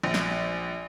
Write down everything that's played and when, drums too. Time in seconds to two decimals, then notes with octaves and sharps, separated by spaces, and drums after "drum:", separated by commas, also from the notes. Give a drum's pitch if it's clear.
0.03 A#1
0.14 drum: snare